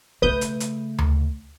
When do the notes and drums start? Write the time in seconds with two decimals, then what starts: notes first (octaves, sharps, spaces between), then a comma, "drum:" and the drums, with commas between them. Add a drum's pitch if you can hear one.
0.22 C#3 A3 B4 D#6 G6
0.41 drum: hi-hat
0.60 drum: hi-hat
0.99 drum: tom D2